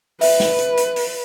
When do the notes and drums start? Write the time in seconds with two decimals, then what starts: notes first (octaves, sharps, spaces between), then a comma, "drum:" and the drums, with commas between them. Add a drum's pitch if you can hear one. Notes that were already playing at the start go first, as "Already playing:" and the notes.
0.21 B4 E5, drum: open hi-hat
0.40 drum: snare
0.59 drum: hi-hat
0.77 drum: hi-hat
0.96 drum: open hi-hat